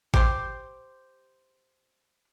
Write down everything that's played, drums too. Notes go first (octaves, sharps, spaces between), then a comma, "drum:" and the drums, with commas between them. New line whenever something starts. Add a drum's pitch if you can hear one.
G4 C5, drum: kick G#1